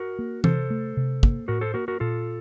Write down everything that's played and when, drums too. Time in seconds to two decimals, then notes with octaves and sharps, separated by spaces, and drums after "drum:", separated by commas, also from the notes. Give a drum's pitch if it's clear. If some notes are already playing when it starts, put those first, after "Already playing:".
Already playing: F#4 A#4
0.19 A#3
0.44 C3 A4 C5, drum: tom E3
0.70 A3
0.97 C3
1.23 A#3, drum: kick
1.48 A2 F#4 A#4
1.61 A4 C5
1.74 A#3 F#4 A#4
1.88 F#4 A#4
2.00 A#2 F4 A4